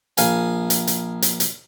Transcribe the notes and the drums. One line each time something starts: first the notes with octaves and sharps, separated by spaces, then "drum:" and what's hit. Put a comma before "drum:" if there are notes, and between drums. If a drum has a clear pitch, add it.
A#1 F5 G#5, drum: hi-hat
drum: hi-hat
drum: hi-hat
drum: hi-hat
drum: hi-hat